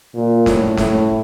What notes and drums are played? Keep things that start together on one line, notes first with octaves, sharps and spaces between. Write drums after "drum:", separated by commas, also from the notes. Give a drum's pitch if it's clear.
A#2
A2, drum: snare
A2, drum: snare